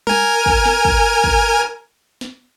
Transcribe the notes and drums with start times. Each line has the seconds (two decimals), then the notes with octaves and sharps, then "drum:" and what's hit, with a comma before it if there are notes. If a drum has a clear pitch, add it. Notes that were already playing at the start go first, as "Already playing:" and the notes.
0.07 A#4 G#5, drum: tom G3
0.46 drum: kick
0.65 drum: snare
0.85 drum: kick
1.24 drum: kick
2.21 drum: snare